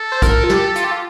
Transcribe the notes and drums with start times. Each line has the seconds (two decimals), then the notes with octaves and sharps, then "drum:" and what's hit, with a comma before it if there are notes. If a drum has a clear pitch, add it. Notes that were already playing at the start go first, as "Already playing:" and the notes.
Already playing: A4
0.12 C5
0.22 A#4, drum: kick, hi-hat
0.44 F4
0.50 G4, drum: snare
0.76 F4, drum: hi-hat
0.84 G4
0.92 F4